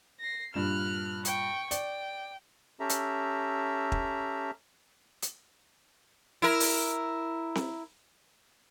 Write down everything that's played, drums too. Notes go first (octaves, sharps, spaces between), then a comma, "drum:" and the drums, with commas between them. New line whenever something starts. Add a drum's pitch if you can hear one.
A#6 C7
G2 A#2 F6 F#6 E7
G5 C#6, drum: hi-hat
D5 G5, drum: hi-hat
C#4 G4 A4 E5 A#5
drum: hi-hat
drum: kick
drum: hi-hat
E4 A#4
drum: open hi-hat
drum: snare C4